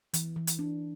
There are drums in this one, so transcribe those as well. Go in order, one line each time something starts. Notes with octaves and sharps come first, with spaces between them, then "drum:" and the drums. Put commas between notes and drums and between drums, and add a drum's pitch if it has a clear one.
E3, drum: hi-hat
E3
drum: hi-hat
D4